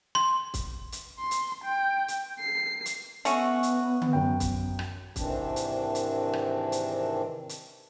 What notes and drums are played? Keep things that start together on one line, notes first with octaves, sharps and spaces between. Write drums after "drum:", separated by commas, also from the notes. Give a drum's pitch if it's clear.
C6, drum: rim click
drum: kick, hi-hat
drum: hi-hat
C6
drum: hi-hat
G5
drum: hi-hat
C7
drum: hi-hat
A3 B3 C#4 F#4, drum: hi-hat
drum: hi-hat
drum: tom D3
F#2 G5
drum: kick, hi-hat
drum: rim click
G#2 C3 D#3 E3 C4 D4, drum: kick, hi-hat
drum: hi-hat
drum: hi-hat
drum: rim click
drum: hi-hat
drum: hi-hat